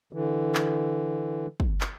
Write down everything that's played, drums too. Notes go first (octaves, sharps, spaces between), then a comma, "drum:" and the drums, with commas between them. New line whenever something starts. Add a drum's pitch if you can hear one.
D3 E3
drum: clap
drum: kick
drum: clap